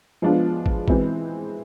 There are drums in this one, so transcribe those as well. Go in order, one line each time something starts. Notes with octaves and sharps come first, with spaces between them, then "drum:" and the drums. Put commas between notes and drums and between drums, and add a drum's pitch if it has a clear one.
F3 G#3 B3 D4 F4
drum: kick
E3 G#3 C4 E4, drum: kick